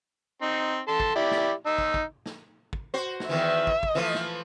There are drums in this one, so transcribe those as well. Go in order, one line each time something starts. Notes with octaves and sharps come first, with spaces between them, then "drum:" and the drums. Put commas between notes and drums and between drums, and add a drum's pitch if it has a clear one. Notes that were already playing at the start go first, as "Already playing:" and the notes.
C4 D#4
A4 A5 C6
drum: kick
E4 G4 D5
drum: snare
D#4 E6
drum: kick
drum: kick
drum: snare
drum: kick
F#4 C5
drum: snare
E2 D#3 E3 E5
drum: kick
drum: kick
E3 F3 A3
drum: snare